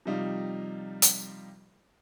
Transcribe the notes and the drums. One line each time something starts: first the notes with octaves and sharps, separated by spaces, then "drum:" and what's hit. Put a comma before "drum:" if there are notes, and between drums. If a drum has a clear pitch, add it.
C3 F3 G3 D#4 F4
drum: hi-hat